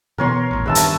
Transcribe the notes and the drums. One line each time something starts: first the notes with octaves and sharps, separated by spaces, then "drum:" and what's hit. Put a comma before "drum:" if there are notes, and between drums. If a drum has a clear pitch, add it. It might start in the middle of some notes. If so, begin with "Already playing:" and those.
B2 E3 B3 A#4 C#5 C6
D#1 A1
E2 G2 D#3 B4 E5 A5
drum: hi-hat